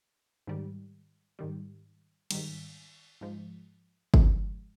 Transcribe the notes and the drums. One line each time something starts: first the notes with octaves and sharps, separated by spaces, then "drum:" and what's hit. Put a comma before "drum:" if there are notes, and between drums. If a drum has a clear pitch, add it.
G#2 D#3 G3
G#2 D#3 G3
G#2 D#3 G3, drum: cymbal
G#2 F3 G#3
G#2 F3 G#3, drum: kick G1